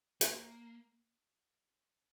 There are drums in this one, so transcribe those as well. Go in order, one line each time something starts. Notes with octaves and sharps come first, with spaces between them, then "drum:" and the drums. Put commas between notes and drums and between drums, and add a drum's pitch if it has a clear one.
A#3, drum: hi-hat